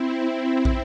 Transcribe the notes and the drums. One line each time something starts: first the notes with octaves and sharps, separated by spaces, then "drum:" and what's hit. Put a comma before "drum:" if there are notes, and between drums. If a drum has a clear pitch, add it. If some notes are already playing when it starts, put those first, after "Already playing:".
Already playing: C4 E4
drum: kick